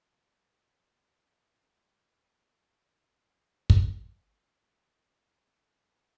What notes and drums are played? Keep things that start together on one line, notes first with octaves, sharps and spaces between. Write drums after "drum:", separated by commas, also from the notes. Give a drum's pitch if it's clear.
F5 A#5 E6
C5 G#5 D#6 E6
C#5
E5 A#5 D6 D#6
drum: kick
A#2 A3 D4 E4 G#4